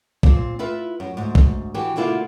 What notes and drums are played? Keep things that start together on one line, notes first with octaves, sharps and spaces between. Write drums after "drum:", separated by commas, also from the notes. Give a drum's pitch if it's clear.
A#2 C4, drum: kick
E4 F4 B4 E5
F#2
D2 G#2
drum: kick
E3 F#4 G4
B2 D3 A#3 E4 F4